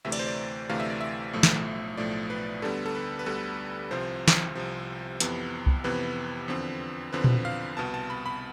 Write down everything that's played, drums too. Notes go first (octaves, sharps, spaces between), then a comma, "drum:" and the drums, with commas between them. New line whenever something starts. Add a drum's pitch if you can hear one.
D2 C3 E3 A3 E5
D5, drum: cymbal
C5
D5
D2 C3 E3 A3 F5
E5
D5
E5
B1 A2 F3 A3
drum: snare
B1 A2 F3 A3 D5
B4
D2 D3 G3 B3 A4
A4
B4
B4
D2 D3 G3 B3 A4
C2 C3 F3 C5
drum: snare
C2 C3 F3
F2 C3 E3 B3, drum: hi-hat
drum: kick C2
F2 C3 E3 B3 B4
E2 D3 F3 C4
E2 D3 F3 C4 B4
drum: tom A#2
F5
C2 B2 B3 A5
A5
B5
B5